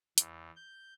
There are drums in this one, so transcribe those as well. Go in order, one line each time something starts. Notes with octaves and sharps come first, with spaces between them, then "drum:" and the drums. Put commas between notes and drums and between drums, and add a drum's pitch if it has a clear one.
E2, drum: hi-hat
G6